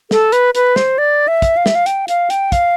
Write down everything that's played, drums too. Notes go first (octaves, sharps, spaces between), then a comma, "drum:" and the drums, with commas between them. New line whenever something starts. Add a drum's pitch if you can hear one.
A4, drum: snare
B4, drum: hi-hat
B4, drum: hi-hat
C5, drum: snare
D5
E5
drum: kick, hi-hat
F5
E5, drum: snare
F5
G5, drum: hi-hat
F5, drum: hi-hat
G5, drum: hi-hat
F5, drum: kick, hi-hat